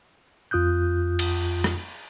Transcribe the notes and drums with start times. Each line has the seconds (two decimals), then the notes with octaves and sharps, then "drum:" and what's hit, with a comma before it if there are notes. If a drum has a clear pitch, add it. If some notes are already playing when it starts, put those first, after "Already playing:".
0.51 F2 F4 D#6 F#6 G6
1.19 drum: cymbal
1.64 drum: rim click